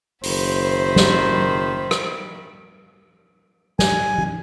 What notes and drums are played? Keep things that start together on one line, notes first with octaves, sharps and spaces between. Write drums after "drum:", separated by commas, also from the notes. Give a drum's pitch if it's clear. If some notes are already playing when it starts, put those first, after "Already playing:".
F#1 D#3 C5 E5 B5, drum: open hi-hat
drum: snare
drum: rim click
G#5, drum: snare
drum: tom E3